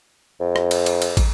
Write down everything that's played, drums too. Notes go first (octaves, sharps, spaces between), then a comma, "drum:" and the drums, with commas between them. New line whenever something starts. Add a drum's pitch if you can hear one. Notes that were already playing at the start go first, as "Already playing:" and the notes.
F2
drum: rim click
drum: cymbal
drum: cymbal
drum: cymbal
drum: kick, cymbal